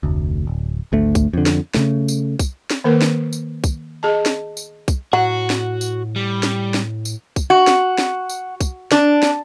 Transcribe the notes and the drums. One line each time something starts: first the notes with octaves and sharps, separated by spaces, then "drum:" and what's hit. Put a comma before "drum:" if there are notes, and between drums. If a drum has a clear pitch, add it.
F1 D2
D1
G#1 D2 A3
drum: kick, tambourine
F2 D3
drum: snare
C#3 A3, drum: snare
drum: tambourine
drum: kick, tambourine
drum: snare
D#3 A#3 A#4 B4
drum: snare
drum: tambourine
drum: kick, tambourine
G#4 D#5 A5
drum: snare
drum: tambourine
drum: kick, tambourine
A2 F#3 F#4 F#5
drum: snare
drum: tambourine
G3
drum: snare
drum: snare
drum: tambourine
drum: kick, tambourine
F#4
drum: snare
drum: snare
drum: tambourine
drum: kick, tambourine
D4, drum: snare
drum: snare